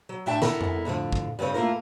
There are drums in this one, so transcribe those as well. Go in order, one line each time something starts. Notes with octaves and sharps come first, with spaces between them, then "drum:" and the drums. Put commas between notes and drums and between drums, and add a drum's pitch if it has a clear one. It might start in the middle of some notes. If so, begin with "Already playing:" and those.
F#3
A2 D4 E5 G5 A5
B3 E4 A4 A#4, drum: snare
drum: tom F2
A2 D3 D#3 F3
drum: kick
G2 C#3 C4 B4 C#5
A3 A#3 E4 F4 A#4